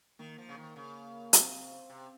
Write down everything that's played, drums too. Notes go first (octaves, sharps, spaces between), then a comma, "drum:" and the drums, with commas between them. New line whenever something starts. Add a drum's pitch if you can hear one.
D#3 A#3
F3
C#3
D#3
C#3
C4, drum: hi-hat
C3